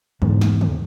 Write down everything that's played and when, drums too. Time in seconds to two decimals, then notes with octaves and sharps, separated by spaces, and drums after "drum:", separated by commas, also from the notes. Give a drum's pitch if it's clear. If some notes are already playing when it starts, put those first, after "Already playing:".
0.22 E2 G#2, drum: tom
0.41 drum: snare
0.61 drum: tom